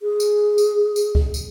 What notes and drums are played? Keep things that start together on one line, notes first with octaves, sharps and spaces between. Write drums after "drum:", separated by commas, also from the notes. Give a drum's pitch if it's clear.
G#4
drum: tambourine
drum: tambourine
drum: tambourine
drum: kick C#2
drum: tambourine